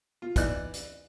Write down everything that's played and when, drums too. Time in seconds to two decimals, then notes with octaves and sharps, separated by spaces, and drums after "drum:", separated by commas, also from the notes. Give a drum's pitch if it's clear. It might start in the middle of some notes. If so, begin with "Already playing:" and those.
0.22 F4
0.36 E3 D#4 D5 F#6, drum: kick, hi-hat
0.74 drum: hi-hat